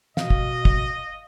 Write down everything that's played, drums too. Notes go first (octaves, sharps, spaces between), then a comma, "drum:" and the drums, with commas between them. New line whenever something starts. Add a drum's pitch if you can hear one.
B2 D#5 F5, drum: snare
drum: kick
drum: kick